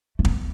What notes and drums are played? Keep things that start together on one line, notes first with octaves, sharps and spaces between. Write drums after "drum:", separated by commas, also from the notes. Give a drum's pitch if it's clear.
A3
B3, drum: kick